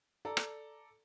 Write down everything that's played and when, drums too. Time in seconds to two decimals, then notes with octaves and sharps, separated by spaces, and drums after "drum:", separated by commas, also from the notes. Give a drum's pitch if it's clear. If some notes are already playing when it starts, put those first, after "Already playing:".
0.25 A4 D5 A#5
0.37 drum: rim click